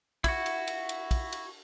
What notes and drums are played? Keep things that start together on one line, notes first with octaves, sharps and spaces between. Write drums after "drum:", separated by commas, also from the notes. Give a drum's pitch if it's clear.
E4 F#4, drum: kick, cymbal
drum: cymbal
drum: cymbal
drum: cymbal
drum: kick, cymbal
drum: cymbal